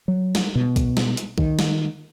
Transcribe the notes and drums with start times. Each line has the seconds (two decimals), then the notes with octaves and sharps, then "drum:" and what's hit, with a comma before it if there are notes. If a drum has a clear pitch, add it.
0.08 F#3
0.35 drum: snare
0.55 B2
0.76 drum: kick B1, hi-hat
0.97 drum: snare
1.17 drum: hi-hat
1.38 D#3, drum: kick B1
1.59 drum: snare